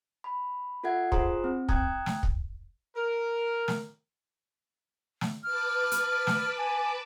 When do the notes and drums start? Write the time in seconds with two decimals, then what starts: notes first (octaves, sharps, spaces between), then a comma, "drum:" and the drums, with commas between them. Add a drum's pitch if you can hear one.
0.24 B5
0.84 F4 A4 E5 F#5 G#6
1.12 F4 G#4 C5 A#5 C6 D#6, drum: kick
1.44 C4
1.69 G5 A#5 D#6 F#6 G#6, drum: kick
2.06 drum: snare
2.23 drum: kick
2.96 A#4
3.68 drum: snare
5.21 drum: snare
5.43 B4 A5 D6 F6
5.91 drum: hi-hat
6.27 drum: snare
6.58 G#5